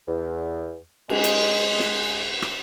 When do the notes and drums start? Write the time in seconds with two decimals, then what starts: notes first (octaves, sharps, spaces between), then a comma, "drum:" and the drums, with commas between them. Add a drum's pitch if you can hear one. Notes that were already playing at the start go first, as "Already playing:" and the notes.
0.08 E2
1.09 G#3, drum: cymbal
1.24 drum: hi-hat
1.79 drum: snare
2.42 drum: rim click